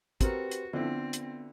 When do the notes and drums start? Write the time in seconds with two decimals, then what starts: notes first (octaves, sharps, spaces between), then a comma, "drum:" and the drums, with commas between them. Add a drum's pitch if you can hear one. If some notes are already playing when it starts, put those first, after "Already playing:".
0.21 C4 F#4 G4 A#4 B4, drum: kick, hi-hat
0.51 drum: hi-hat
0.73 D3 F3 B3 C4 E4
1.13 drum: hi-hat